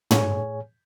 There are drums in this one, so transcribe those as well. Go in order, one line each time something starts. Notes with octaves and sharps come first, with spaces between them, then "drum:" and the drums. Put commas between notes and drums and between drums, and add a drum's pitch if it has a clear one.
A2 G#4 C#5 G#5, drum: tom